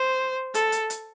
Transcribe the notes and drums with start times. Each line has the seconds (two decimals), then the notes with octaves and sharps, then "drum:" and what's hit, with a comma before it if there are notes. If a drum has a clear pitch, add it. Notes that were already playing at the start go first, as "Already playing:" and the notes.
Already playing: C5
0.54 A4, drum: hi-hat
0.72 drum: hi-hat
0.90 drum: hi-hat